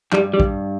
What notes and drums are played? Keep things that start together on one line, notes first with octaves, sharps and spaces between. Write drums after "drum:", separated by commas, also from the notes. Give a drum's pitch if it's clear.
G2 G3, drum: clap
G3
G2, drum: kick